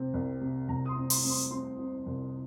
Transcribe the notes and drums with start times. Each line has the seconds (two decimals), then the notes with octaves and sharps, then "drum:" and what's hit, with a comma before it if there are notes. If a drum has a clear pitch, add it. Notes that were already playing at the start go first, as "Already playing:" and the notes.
Already playing: C3 C4
0.14 C2
0.41 C3
0.68 C2 A#5
0.86 D#6
0.89 C6
0.97 C4
1.10 C6, drum: open hi-hat
1.24 C4
1.30 C6
1.51 C4 C6
1.79 C4
2.06 C2